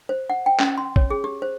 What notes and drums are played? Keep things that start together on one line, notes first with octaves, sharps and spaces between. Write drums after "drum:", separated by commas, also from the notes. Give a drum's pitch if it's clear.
C5
F#5
G5
C#4, drum: clap
C6
C#5, drum: kick
G#4
G4
C5